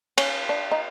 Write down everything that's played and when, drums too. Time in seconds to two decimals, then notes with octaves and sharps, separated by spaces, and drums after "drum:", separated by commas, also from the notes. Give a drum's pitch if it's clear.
0.18 C#4, drum: cymbal
0.49 D4
0.71 D#4